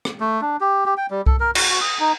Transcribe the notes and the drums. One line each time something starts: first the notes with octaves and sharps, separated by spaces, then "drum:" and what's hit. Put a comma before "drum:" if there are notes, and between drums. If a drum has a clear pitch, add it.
drum: rim click
A3
D4
G4
G4
G5
G3
A4, drum: kick C2
A#4
F#4, drum: cymbal
F#4
D#6
D#4